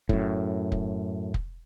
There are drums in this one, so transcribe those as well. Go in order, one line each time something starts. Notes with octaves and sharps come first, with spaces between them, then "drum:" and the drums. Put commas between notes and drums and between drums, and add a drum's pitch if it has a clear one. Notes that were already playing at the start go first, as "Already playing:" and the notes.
F#2 A2, drum: kick
drum: kick
drum: kick